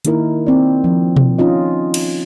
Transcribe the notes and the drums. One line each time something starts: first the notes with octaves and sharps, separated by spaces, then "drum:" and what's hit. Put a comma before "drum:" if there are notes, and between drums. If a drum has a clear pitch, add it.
D#3 A#3 D#4 E4 A#4, drum: hi-hat
C4 D5
F3
drum: tom B2
C#4 D#4 F4 D#5
drum: cymbal